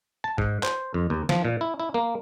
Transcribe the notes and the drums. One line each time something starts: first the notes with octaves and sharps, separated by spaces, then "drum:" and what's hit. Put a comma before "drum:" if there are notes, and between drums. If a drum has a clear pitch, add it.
A5
G#2, drum: kick G#1
C5, drum: clap
F2
D#2
F3, drum: snare
A#2
E4
E4
A#3